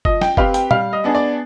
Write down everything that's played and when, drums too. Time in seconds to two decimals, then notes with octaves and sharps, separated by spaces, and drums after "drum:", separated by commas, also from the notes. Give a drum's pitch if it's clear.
0.05 F3 D#5, drum: kick F#1
0.21 G5, drum: snare
0.37 C4 G4 B4 F5, drum: kick F#1
0.54 G5, drum: hi-hat
0.71 G3 F5, drum: tom
0.93 D#5
1.04 B3 D4 G#4
1.15 D5